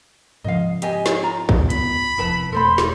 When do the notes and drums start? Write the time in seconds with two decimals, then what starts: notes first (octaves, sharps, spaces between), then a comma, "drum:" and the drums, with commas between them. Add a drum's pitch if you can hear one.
0.44 G#2 C#3 F3 D#5 F5
0.82 G4 D#5 G#5, drum: hi-hat
1.06 drum: snare
1.23 F4 A#5
1.49 drum: kick
1.70 B3 B5, drum: hi-hat
2.18 F1 F2 E4 B4 A5
2.52 E1 A3 A4 C5 B5 C6
2.78 drum: snare